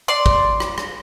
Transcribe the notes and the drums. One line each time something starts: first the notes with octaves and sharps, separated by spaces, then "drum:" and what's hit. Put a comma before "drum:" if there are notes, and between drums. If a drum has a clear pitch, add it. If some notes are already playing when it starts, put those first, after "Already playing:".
D5 C6
drum: kick G#1
drum: rim click
drum: rim click